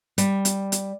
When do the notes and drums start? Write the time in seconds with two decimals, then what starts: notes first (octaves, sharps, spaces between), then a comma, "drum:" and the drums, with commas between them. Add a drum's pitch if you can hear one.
0.18 G3, drum: hi-hat
0.45 drum: hi-hat
0.72 drum: hi-hat